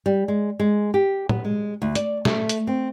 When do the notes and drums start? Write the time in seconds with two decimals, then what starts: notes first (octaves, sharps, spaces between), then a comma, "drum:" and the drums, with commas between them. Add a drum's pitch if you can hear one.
0.06 G3
0.28 G#3
0.60 G#3
0.94 G4
1.29 B3, drum: tom
1.45 G#3
1.82 D2
1.95 D5, drum: hi-hat
2.25 A3, drum: snare
2.49 drum: hi-hat
2.67 C4